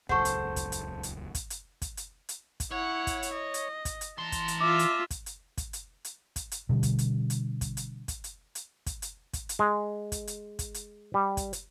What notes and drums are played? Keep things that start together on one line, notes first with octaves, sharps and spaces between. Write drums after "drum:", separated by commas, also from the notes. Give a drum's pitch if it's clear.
D#1 C#2 F#2 A4 C5 F#5 C#6, drum: kick
drum: hi-hat
drum: kick, hi-hat
drum: hi-hat
drum: hi-hat
drum: kick, hi-hat
drum: hi-hat
drum: kick, hi-hat
drum: hi-hat
drum: hi-hat
drum: kick, hi-hat
E4 C#5 F#5
drum: kick, hi-hat
drum: hi-hat
D#5
drum: hi-hat
drum: kick, hi-hat
drum: hi-hat
E3 A5 A#5 C6
drum: kick, hi-hat
drum: hi-hat
F4 E5 D6
drum: hi-hat
drum: kick, hi-hat
drum: hi-hat
drum: kick, hi-hat
drum: hi-hat
drum: hi-hat
drum: kick, hi-hat
drum: hi-hat
B2 D3 G3
drum: kick, hi-hat
drum: hi-hat
drum: hi-hat
drum: kick, hi-hat
drum: hi-hat
drum: kick, hi-hat
drum: hi-hat
drum: hi-hat
drum: kick, hi-hat
drum: hi-hat
drum: kick, hi-hat
drum: hi-hat
G#3
drum: kick, hi-hat
drum: hi-hat
drum: kick, hi-hat
drum: hi-hat
G3
drum: kick, hi-hat
drum: hi-hat